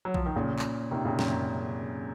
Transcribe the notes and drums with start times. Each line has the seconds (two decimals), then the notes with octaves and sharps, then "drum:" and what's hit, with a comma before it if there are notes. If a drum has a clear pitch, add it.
0.05 F#3
0.14 F3, drum: kick B1
0.26 D#3
0.36 A#2 C#3
0.59 drum: clap
0.91 C3 D#3
1.05 A#2 C#3
1.19 F#2 A#2, drum: snare